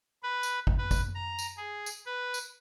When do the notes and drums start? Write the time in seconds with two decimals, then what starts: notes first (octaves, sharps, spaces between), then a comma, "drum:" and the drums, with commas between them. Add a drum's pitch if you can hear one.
0.23 B4
0.43 drum: tambourine
0.67 drum: kick
0.78 B4
0.91 drum: kick, tambourine
1.15 A#5
1.39 drum: tambourine
1.57 G#4
1.86 drum: tambourine
2.06 B4
2.34 drum: tambourine